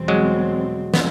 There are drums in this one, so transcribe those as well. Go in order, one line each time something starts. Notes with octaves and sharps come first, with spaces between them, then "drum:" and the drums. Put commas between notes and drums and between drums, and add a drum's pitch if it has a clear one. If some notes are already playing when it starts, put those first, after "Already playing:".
Already playing: E2 B2 G3 C4
F#3 G#3
B3, drum: snare